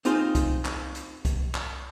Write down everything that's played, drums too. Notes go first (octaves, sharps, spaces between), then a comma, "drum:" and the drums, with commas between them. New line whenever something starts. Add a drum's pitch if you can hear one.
C4 D#4 F4 G#4 C5, drum: hi-hat
drum: kick C2, hi-hat
drum: clap
drum: hi-hat
drum: kick C2, hi-hat
drum: clap